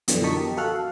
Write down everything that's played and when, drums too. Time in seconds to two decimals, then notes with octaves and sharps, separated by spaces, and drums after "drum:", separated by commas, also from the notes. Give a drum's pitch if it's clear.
0.08 F#2 B2 D3 E3 F3, drum: hi-hat
0.24 A#4 D#5 A5 C#6 D#6 B6
0.37 G4
0.57 F#4 A4 F5 F#5 F6 F#6
0.75 F5